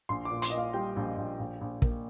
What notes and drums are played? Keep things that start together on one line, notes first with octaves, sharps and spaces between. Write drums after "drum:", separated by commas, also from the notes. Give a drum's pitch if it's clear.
A#1 C6
D6
A#2
C6, drum: hi-hat
D#5
A#2 F5
G3 G5
A#1
A#1
A#1
A#1
A#3, drum: kick